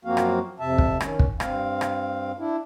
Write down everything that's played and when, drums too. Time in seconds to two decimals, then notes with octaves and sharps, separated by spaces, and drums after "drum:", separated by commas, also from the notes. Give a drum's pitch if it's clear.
0.05 F#2 F3 A#3 C4 F#4 F5
0.17 drum: rim click
0.60 F2 C3 E5 A5
0.78 drum: kick
1.00 D#3 C#4, drum: rim click
1.19 drum: kick
1.40 G2 C4 F5, drum: rim click
1.81 drum: rim click
2.39 D4 E4